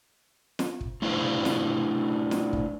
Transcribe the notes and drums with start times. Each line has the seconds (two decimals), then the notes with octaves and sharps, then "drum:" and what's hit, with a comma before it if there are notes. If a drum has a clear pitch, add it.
0.59 drum: snare
0.81 drum: kick
1.02 A3 D4 E4 B4 C5 F5
1.45 drum: snare
2.31 drum: snare
2.53 drum: kick